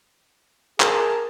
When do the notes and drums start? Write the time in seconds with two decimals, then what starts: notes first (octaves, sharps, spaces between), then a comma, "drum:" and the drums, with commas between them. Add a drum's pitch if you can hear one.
0.80 G#4 A#4 A5, drum: clap